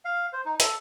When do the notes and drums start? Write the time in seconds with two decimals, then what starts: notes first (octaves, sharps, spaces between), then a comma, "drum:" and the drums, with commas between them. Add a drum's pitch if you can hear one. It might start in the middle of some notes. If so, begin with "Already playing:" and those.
0.05 F5
0.33 C5
0.45 D#4
0.60 A4, drum: hi-hat